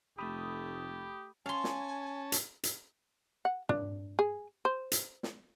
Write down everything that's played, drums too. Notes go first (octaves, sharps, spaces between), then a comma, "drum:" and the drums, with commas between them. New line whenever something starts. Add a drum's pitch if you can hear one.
F1 A3 G4 B5 D#6
C#4 F5 G#5 A5 C6
drum: snare
drum: hi-hat
drum: hi-hat
F#5
D4, drum: tom
G#4
C5
drum: hi-hat
drum: snare